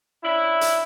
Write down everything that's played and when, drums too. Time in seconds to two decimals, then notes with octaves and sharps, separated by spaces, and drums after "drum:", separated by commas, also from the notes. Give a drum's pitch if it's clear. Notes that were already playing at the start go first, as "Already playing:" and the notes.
0.24 C#4 D4 E4
0.61 drum: hi-hat